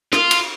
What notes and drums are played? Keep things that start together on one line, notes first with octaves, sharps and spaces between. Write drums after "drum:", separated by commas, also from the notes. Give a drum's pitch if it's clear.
F4, drum: rim click
drum: cymbal